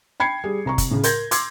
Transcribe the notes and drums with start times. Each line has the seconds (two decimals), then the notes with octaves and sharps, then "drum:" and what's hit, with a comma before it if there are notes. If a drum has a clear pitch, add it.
0.20 G5 B5 G#6 C7 C#7
0.44 G3 G#4
0.66 C2 A#5 C#6
0.78 drum: kick, hi-hat
0.91 A2 C#3
1.03 A#4 C6 G6 G#6 A#6, drum: hi-hat
1.31 C6 D6 E6 G#6, drum: hi-hat